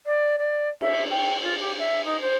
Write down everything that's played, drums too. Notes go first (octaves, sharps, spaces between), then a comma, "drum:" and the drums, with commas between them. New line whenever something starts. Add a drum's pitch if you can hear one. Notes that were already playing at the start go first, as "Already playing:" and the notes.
D5
D5
E5, drum: cymbal
G5
F4
G4
E5
D#4
C5